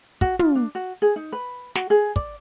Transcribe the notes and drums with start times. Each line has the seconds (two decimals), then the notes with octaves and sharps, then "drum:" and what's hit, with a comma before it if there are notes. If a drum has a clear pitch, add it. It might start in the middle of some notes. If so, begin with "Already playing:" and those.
0.21 F#4, drum: kick
0.39 F4, drum: tom
0.55 D4
0.75 F#4
1.02 G#4
1.16 D#4
1.32 B4
1.75 F#4, drum: snare
1.90 G#4
2.16 D5, drum: kick